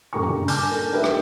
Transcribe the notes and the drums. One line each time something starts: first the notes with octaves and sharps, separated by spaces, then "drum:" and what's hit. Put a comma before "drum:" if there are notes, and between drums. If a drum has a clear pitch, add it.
F#2 A#2 A3 G4 A#5 C#6
G2 C#3
G#5 A5 D6 F6 G6, drum: open hi-hat
A#3 D4 A4
D4 D#4 G4 A#4 B4 E5
drum: rim click